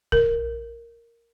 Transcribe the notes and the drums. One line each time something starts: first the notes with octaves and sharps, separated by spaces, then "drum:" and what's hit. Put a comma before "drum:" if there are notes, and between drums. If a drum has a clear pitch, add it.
A#4, drum: kick B1